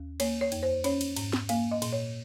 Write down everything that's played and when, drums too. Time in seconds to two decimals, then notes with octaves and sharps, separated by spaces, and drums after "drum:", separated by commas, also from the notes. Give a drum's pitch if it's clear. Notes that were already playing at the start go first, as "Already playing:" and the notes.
Already playing: D#2
0.20 A#3 C#5, drum: cymbal
0.41 C#5
0.52 F2, drum: cymbal
0.63 C5
0.84 C#4 C#5, drum: cymbal
1.01 drum: cymbal
1.16 G#2, drum: cymbal
1.33 drum: snare
1.49 A#3 F5, drum: cymbal
1.71 D#5
1.82 A#2, drum: cymbal
1.92 C#5